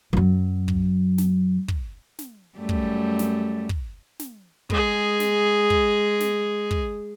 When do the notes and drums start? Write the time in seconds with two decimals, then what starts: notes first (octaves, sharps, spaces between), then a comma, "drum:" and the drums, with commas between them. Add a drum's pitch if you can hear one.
0.13 F#2 F#3
0.68 drum: kick
1.18 drum: snare
1.68 drum: kick
2.19 drum: snare
2.58 F#2 G3 A3
2.69 drum: kick
3.19 drum: snare
3.69 drum: kick
4.19 drum: snare
4.70 G#3 G#4, drum: kick
5.20 drum: snare
5.70 drum: kick
6.20 drum: snare
6.71 drum: kick